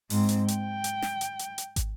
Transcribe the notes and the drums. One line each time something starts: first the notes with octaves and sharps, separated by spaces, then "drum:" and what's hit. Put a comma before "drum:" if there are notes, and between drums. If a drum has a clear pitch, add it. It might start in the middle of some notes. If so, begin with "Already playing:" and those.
G#2 C4, drum: open hi-hat
drum: hi-hat
G5, drum: hi-hat
drum: hi-hat
drum: snare
drum: hi-hat
drum: hi-hat
drum: hi-hat
drum: kick, hi-hat